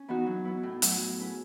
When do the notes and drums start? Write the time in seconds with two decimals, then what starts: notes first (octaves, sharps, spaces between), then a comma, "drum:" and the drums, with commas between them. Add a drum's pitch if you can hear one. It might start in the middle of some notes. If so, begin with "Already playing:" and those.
Already playing: C#4
0.08 E3 B3 D#4 F#4
0.26 F#3
0.45 B3 E4
0.63 A2
0.82 F#3 A3, drum: hi-hat
1.00 F#3
1.18 C#4 E4 G#4 B4